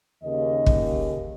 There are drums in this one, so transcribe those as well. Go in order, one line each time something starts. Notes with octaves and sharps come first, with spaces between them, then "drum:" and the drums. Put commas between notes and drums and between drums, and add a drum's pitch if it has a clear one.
D#2 C#3 D#5
drum: kick